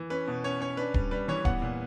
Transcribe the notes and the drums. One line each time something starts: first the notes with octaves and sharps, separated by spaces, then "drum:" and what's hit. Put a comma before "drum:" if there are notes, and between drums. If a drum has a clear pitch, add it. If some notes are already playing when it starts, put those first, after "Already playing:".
Already playing: E3
C#4 B4
B2
C#4 C#5
C#4 C#5
D4 B4
G3, drum: kick D1
G3 B4
E3 C#5
B3 F#5, drum: kick D1
A#2